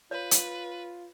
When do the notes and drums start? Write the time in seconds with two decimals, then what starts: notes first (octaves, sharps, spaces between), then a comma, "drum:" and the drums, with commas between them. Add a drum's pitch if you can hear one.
0.11 F4 B4 C#5
0.31 drum: hi-hat